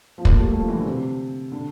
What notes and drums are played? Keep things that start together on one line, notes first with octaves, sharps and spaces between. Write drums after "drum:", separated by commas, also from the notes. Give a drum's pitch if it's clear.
F3
A#3, drum: kick
A3
G3
A3
F3
E3
D3
C3
D3